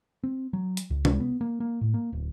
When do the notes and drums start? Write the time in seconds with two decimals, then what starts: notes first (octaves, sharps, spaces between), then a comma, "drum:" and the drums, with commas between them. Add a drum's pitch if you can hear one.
0.24 C4
0.53 F#3
0.77 drum: hi-hat
0.90 C#2
1.05 drum: tom
1.20 B3
1.41 A#3
1.60 A#3
1.81 A2
1.94 A#3
2.13 D1